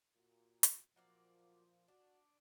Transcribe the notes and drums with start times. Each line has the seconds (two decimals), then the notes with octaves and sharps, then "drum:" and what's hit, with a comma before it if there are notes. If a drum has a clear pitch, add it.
0.17 A#2 F#4
0.63 drum: hi-hat
0.96 A#2 F3 F#3 A#3 D5
1.88 D4 F#4